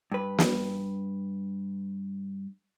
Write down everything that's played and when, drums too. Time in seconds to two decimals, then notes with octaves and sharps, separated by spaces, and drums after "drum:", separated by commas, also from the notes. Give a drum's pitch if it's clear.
0.12 G2 B4
0.38 drum: snare